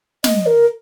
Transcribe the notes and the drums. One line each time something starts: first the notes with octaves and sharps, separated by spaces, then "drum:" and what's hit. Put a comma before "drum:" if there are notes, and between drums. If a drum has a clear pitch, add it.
D#5, drum: snare
A#4